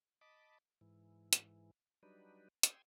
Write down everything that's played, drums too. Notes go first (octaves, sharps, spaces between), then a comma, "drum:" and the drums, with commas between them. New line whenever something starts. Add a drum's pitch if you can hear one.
D#5 A5 B5 D6
G#2 E3
drum: hi-hat
F#3 G3 D4 D#4 B4
G5 C6 D#6 E6 G#6, drum: hi-hat